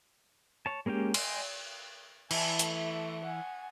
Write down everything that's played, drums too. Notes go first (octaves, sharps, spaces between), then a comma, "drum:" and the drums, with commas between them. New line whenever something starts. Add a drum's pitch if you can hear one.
C#5 A5
G#3 A#3 C#4 G4 G5
D#5 G5 G#5 C6, drum: cymbal
E3 E4 E5 G#5 A5, drum: cymbal
A3, drum: hi-hat
F#5 G#5